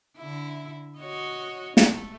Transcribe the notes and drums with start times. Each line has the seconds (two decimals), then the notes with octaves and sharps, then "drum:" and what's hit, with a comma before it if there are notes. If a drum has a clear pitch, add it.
0.17 D3 E4
0.98 F#4 C#5 D#5
1.77 A3, drum: snare